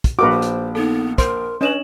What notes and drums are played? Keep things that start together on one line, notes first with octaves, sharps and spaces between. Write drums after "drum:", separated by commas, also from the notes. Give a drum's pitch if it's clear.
drum: kick, hi-hat
A#1 F#4 A#4 B4 D#5 D6
C5
drum: hi-hat
B3 D#4 A4
A#4 C5 C6, drum: kick, hi-hat
C#4 D4 B4 D#5 E7 F#7